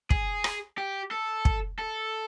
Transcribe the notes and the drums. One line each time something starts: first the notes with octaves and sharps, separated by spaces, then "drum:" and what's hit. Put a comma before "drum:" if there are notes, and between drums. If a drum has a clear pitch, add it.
G#4, drum: kick
drum: rim click
G4
A4
drum: kick
A4